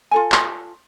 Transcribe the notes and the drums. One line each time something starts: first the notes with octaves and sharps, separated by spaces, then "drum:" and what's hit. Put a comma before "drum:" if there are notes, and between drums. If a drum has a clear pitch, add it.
F4 A4 G#5
drum: clap